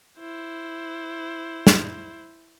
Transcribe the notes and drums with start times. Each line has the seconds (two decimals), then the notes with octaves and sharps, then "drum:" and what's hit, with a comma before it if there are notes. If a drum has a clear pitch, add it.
0.20 E4 C5
1.67 drum: snare